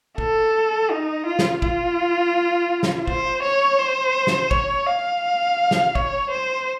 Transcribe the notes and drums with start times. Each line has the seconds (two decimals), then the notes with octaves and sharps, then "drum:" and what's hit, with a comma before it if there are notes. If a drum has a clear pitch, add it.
0.18 A4, drum: kick
0.91 D#4
1.26 F4
1.39 drum: snare
1.62 F4, drum: kick
2.83 drum: snare
3.07 C5, drum: kick
3.43 C#5
3.79 C5
4.27 drum: snare
4.51 C#5, drum: kick
4.86 F5
5.71 drum: snare
5.95 C#5, drum: kick
6.31 C5